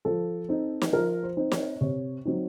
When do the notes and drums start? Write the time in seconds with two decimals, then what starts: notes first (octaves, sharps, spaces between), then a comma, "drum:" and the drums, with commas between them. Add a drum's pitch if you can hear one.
0.05 F3 A4
0.49 C4 D#4
0.82 drum: snare
0.93 F3 A#4
1.23 C5
1.37 C4 D#4
1.52 C#5, drum: snare
1.81 C3 C#5
2.25 F#3 C4 D#4